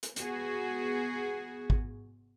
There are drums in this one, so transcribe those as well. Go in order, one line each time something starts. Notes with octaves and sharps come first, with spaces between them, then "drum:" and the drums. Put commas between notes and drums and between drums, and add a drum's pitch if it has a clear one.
drum: hi-hat
B3 F#4 G#4, drum: hi-hat
drum: kick